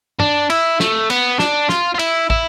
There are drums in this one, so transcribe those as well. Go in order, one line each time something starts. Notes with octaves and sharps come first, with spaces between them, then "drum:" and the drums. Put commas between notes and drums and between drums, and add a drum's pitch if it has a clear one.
D4, drum: tom
E4, drum: cymbal
A3, drum: snare
B3, drum: cymbal
D4, drum: snare
F4, drum: snare
F4
E4, drum: cymbal
E4, drum: kick